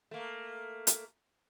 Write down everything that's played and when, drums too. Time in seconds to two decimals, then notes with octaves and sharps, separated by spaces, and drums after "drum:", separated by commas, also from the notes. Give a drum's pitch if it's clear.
0.11 A3 A#3
0.87 drum: hi-hat